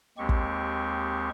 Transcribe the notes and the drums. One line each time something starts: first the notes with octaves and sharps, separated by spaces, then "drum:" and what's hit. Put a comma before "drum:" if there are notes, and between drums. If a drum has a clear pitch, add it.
D#2 G#3 C4 G4 C#6
drum: kick